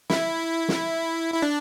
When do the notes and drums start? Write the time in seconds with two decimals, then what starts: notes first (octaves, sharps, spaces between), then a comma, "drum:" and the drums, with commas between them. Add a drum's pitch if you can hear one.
0.10 E4, drum: snare
0.68 drum: snare
1.34 E4
1.42 D4